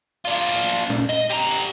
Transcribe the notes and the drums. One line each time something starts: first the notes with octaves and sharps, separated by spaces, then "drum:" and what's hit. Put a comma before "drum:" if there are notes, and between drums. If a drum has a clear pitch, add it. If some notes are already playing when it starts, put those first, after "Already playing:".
D4 F4
drum: cymbal
drum: cymbal
drum: tom
D#5, drum: cymbal
G3 A#5, drum: cymbal
drum: cymbal